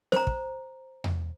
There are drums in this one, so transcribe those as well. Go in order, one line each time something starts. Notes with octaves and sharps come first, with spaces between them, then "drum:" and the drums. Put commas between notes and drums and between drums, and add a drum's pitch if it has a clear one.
C5 A#5, drum: snare
drum: kick
drum: tom E2